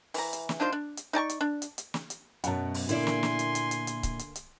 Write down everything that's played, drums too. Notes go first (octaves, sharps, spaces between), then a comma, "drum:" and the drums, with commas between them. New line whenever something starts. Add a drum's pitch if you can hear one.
E3 A#5, drum: open hi-hat
drum: hi-hat
drum: snare
D4 D#4 F4 C5
D4
drum: hi-hat
D#4 D5 A5 C#6
drum: hi-hat
D4
drum: hi-hat
drum: hi-hat
drum: snare
drum: hi-hat
F#2 B2 F#5 A5, drum: hi-hat
drum: open hi-hat
A#2 D3 A#3 E4 D5 G#5 C6, drum: hi-hat
drum: snare
drum: snare
drum: hi-hat
drum: hi-hat
drum: hi-hat
drum: hi-hat
drum: kick C#1, hi-hat
drum: hi-hat
drum: hi-hat